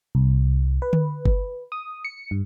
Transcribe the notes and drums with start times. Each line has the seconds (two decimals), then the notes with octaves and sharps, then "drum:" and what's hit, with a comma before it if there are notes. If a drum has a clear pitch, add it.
0.15 C2
0.82 B4
0.93 drum: tom D3
1.26 drum: kick G1
1.72 D#6
2.05 C#7
2.31 G2